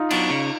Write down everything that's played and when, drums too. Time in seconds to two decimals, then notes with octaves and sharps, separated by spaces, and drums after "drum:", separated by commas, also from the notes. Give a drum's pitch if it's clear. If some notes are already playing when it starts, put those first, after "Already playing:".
Already playing: D#4 F4
0.11 F#3 B3 D4, drum: cymbal
0.30 C#3